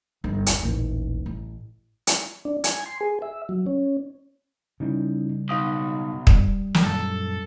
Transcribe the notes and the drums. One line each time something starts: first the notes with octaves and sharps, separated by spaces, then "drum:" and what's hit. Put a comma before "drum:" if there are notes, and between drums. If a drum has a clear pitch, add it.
G1
D#2, drum: hi-hat
D#1 A1
A1
drum: hi-hat
D4
G#5, drum: hi-hat
C6
G#4
E5
F#3
C#4
C#3 G3 C#4 D#4 E4
B1 D#4 F5 D#6
G3, drum: kick
drum: snare
F#2 A#2 A4